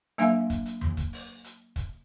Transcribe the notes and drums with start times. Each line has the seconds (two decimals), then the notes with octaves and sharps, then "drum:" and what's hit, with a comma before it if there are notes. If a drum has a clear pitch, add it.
0.18 F#3 A#3 D4 E5 F5, drum: hi-hat
0.50 drum: kick, hi-hat
0.66 drum: hi-hat
0.81 drum: tom E2
0.97 drum: kick, hi-hat
1.13 drum: open hi-hat
1.44 drum: hi-hat
1.76 drum: kick, hi-hat